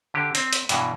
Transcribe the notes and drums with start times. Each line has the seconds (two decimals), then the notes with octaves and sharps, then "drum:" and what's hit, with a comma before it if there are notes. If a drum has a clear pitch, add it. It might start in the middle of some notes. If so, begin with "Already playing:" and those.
0.14 D3 G4
0.35 C4, drum: hi-hat
0.53 drum: hi-hat
0.69 G2 B2 E3, drum: hi-hat